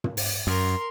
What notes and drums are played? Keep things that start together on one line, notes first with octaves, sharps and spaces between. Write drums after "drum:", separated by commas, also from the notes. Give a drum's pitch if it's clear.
drum: tom
drum: open hi-hat
F#2 A#4 C6